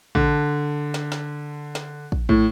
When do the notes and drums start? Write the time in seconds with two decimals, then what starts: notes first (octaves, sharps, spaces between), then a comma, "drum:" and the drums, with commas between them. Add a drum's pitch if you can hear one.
0.15 D3, drum: kick
0.94 drum: snare
1.12 drum: snare
1.75 drum: snare
2.12 drum: kick
2.29 A2, drum: kick